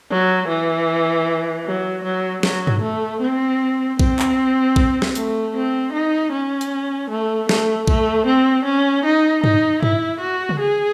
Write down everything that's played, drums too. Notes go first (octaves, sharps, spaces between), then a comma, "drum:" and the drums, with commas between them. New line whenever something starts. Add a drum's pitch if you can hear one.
F#3
E3
F#3
F#3
F#3, drum: snare
drum: tom G2
A3
C4
C4, drum: kick A#1
drum: clap
drum: kick A#1
drum: snare
A3, drum: hi-hat
C4
D#4
C#4
drum: hi-hat
A3
A3, drum: snare
A3, drum: kick A#1
C4
C#4
D#4
D#4, drum: tom G2
E4, drum: tom G2
F#4
drum: tom C#3
G#4